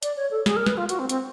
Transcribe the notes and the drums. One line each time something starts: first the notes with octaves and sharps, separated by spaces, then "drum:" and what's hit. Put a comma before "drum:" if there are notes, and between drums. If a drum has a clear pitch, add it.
D5, drum: hi-hat
C#5
A4
G#4, drum: snare
A#4
B4, drum: snare
F4
F#4, drum: hi-hat
C4
C4, drum: hi-hat